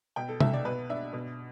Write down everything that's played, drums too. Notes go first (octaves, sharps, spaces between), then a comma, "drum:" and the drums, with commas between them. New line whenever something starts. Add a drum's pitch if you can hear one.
B2 G5
A4
B1 E5, drum: tom C3
D5
B2 B4
D4 E5
B2